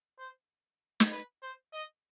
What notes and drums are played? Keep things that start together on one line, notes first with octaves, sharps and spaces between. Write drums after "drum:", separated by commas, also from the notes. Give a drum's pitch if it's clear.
C5
drum: snare
B4
C5
D#5